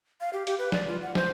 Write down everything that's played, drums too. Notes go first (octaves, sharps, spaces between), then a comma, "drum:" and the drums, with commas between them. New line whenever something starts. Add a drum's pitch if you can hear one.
F5
G4
G4, drum: hi-hat
B4
D5, drum: snare
F4
F#5
C5, drum: snare